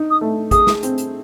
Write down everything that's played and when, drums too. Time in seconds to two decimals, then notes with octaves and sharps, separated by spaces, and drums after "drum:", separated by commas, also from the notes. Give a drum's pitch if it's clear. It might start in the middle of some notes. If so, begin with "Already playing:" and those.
Already playing: D#4
0.10 D#6
0.21 A3
0.51 G#4 D#6, drum: kick G#1, hi-hat
0.67 drum: snare
0.83 C4, drum: hi-hat
0.98 drum: hi-hat